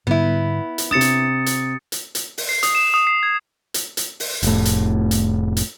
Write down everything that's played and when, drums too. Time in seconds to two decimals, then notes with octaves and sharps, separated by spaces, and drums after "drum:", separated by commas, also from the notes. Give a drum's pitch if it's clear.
0.07 G#2 D3 G3 B3 E4
0.78 drum: hi-hat
0.91 C3 D4 D#6 A6 C#7 E7
1.01 drum: hi-hat
1.46 drum: hi-hat
1.92 drum: hi-hat
2.15 drum: hi-hat
2.38 drum: open hi-hat
2.49 C7
2.63 D#6, drum: hi-hat
2.75 E7
2.94 D#6
3.07 C7
3.23 G#6
3.74 drum: hi-hat
3.97 drum: hi-hat
4.20 drum: open hi-hat
4.43 F1 A2, drum: hi-hat
4.65 drum: hi-hat
5.11 drum: hi-hat
5.57 drum: hi-hat